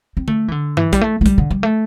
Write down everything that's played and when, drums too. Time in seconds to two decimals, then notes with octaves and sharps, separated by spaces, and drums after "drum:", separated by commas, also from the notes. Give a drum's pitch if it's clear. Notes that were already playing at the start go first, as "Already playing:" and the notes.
0.17 C4
0.28 A3, drum: tom D3
0.48 E3
0.52 D3
0.77 E3, drum: tom G2
0.93 G3, drum: kick, hi-hat
1.01 A3
1.21 A3
1.26 G3, drum: kick, hi-hat
1.38 D3
1.51 G3
1.63 A3